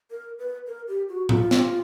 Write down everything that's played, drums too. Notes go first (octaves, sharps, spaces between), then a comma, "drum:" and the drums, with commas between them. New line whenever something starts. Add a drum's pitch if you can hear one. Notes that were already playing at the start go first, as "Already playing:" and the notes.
A#4
B4
A#4
G4
F#4
F4, drum: tom A2
drum: snare